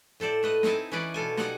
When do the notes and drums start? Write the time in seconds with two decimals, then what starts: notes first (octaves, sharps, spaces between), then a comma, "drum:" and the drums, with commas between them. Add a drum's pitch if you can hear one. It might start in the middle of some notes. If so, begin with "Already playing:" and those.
0.20 A2 A4 C5 D5
0.43 A3 B4 D#5
0.63 C4 D#4 E4 G#5 A5, drum: snare
0.92 E3 C#4 D#4 B4 D5
1.14 B2 F4 A4 G#5
1.37 G3 D#4 F#5 G#5, drum: snare